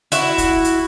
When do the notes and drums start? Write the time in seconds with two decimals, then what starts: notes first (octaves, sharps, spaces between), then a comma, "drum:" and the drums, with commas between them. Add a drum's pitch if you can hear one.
0.12 E4 F#4, drum: hi-hat
0.38 drum: kick, hi-hat
0.64 drum: hi-hat